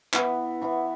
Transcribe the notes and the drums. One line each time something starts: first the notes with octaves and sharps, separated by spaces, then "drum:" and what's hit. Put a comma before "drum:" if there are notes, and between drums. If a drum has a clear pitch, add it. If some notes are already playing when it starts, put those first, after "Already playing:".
E3 B3 E4, drum: clap
E3 B3 E4